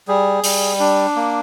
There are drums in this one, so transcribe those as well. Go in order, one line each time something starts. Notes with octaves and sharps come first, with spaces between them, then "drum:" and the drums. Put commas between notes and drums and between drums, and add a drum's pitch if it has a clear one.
G3 G#4
G3, drum: open hi-hat
D4
A#3